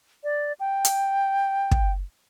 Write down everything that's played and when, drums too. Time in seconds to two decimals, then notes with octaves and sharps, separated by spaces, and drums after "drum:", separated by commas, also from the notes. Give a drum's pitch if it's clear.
0.24 D5
0.60 G5
0.85 drum: hi-hat
1.71 drum: kick